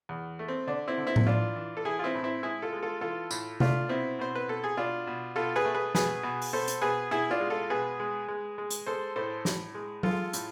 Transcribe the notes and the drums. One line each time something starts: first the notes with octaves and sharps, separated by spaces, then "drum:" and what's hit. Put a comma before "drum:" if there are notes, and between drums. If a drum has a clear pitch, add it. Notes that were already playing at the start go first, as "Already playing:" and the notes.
E2
A3
C4
D3 D4
C4 E4
D3
C4 E4
drum: tom A2
E3 D4 F4
E3
A4
E3 E4 G#4
F4
C4 E4
A2
C4 E4
G#3 E4 G#4
F4 A4
G#3
F4 A4
E3 F4 A4
A2, drum: tambourine
A3 D4 F4, drum: tom C3
B2 C4 E4
B2 C5
B4
B2 A4
G#4
B2 D4 F4
B2
B2 F4 A4
G#4 B4
A3
G#4 B4
B2 G#4 B4, drum: snare
B2
drum: open hi-hat
B2 A4 C5
drum: hi-hat
B2 G#4 B4
B2 E4 G#4
D4 F4
G#3
F4 A4
B2 G#4 B4
G#3
G#3
G#3
drum: hi-hat
G#3 A4 C5
A2 A4 C5
A2, drum: snare
G#3
G#3 F4 A4, drum: tom F#3
A2, drum: hi-hat